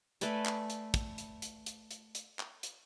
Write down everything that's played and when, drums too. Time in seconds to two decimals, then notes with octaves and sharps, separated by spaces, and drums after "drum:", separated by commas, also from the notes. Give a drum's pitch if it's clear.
0.21 A3 B4 D5 G#5, drum: hi-hat
0.45 drum: clap
0.70 drum: hi-hat
0.94 drum: kick, hi-hat
1.18 drum: hi-hat
1.42 drum: hi-hat
1.66 drum: hi-hat
1.91 drum: hi-hat
2.15 drum: hi-hat
2.39 drum: clap
2.63 drum: hi-hat